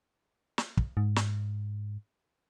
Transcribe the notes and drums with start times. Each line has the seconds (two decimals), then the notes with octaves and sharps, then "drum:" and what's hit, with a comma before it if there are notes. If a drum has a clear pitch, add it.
0.58 drum: snare
0.77 drum: kick
0.97 G#2
1.16 drum: snare